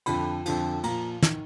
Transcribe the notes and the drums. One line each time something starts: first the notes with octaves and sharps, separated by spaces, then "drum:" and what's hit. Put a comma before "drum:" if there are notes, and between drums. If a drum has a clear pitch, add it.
F2 D3 F3 B5, drum: cymbal
F2 D3 F3, drum: cymbal
A#2 F3 A#5, drum: cymbal
D#3, drum: snare